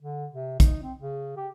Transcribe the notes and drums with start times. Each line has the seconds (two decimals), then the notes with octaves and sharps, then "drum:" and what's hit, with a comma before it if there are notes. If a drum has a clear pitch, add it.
0.01 D3
0.32 C3
0.60 D#4, drum: kick, hi-hat
0.83 C4
0.99 C#3
1.37 G4